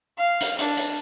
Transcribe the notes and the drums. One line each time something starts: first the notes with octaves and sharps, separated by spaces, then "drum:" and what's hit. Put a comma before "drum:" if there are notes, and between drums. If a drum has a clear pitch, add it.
F5
drum: hi-hat
D4, drum: hi-hat
drum: hi-hat